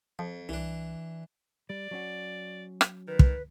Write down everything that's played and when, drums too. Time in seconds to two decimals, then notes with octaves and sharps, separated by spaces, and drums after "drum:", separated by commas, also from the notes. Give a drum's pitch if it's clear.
0.19 F2 F3
0.49 C2 E3 D4
1.70 G3 D5
1.91 F#3 C#4 F#4
2.81 drum: rim click
3.07 D#3 B4
3.19 drum: kick